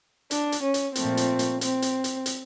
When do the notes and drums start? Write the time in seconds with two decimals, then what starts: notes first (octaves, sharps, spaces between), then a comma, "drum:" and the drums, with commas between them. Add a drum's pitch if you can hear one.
0.31 D4, drum: hi-hat
0.52 drum: hi-hat
0.63 C#4
0.74 drum: hi-hat
0.95 A#2 F3 A3 C4, drum: hi-hat
1.17 drum: hi-hat
1.39 drum: hi-hat
1.61 C4, drum: hi-hat
1.82 drum: hi-hat
2.04 drum: hi-hat
2.26 drum: hi-hat